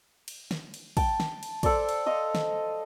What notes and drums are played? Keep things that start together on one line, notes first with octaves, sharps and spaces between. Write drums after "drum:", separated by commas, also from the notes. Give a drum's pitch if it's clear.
drum: cymbal
drum: snare
drum: cymbal
G5 A5, drum: kick, cymbal
drum: snare
drum: cymbal
A4 C5 D5 D6, drum: kick, cymbal
drum: cymbal
C5 D#5 F5
drum: snare